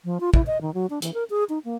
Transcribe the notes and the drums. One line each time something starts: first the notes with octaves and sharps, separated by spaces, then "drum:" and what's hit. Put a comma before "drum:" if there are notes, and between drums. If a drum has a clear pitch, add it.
F3
F4
E4, drum: kick
D#5
D#3
F#3
D4
E3, drum: hi-hat
A#4
G#4
D#4
A#3